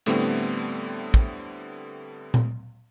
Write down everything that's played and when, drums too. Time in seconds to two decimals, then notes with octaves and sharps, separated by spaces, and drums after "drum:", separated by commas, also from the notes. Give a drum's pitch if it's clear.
0.06 A2 D3 G3 A3 B3 C4, drum: hi-hat
1.14 drum: kick
2.34 drum: tom A#2